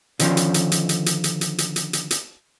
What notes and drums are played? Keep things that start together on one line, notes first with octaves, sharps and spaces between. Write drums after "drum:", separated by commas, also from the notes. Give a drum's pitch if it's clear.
D3 D#3 F3 C#4, drum: hi-hat
drum: hi-hat
drum: hi-hat
drum: hi-hat
drum: hi-hat
drum: hi-hat
drum: hi-hat
drum: hi-hat
drum: hi-hat
drum: hi-hat
drum: hi-hat
drum: hi-hat